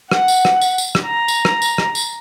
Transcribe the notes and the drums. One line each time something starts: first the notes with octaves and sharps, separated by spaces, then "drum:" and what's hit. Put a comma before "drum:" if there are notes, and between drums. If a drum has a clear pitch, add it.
F#5, drum: rim click
drum: tambourine
drum: rim click
drum: tambourine
drum: tambourine
drum: rim click
A#5
drum: tambourine
drum: rim click
drum: tambourine
drum: rim click
drum: tambourine